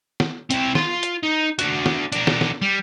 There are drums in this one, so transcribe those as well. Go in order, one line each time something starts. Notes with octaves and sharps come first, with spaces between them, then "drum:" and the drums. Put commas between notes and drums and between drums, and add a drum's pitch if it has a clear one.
drum: snare
C4 E4, drum: hi-hat
F4 C6, drum: snare
drum: hi-hat
D#4
D4 F#4, drum: hi-hat
drum: snare
D4 A#4, drum: hi-hat
drum: snare
drum: snare
G3